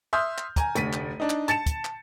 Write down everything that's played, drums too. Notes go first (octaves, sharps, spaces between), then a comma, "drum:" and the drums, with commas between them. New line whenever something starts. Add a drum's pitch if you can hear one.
E5 C6 D#6 F6 G6
drum: clap
G#5 A#5, drum: kick, hi-hat
F1 D2 B6 D#7, drum: hi-hat
drum: clap
D4 D#4
drum: clap
A5 A6 C#7 E7, drum: hi-hat
drum: kick, hi-hat
drum: clap